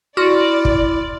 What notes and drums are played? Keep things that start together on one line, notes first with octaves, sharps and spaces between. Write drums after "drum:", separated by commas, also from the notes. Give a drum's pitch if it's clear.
E4 F#4 D5 C6 F6
drum: kick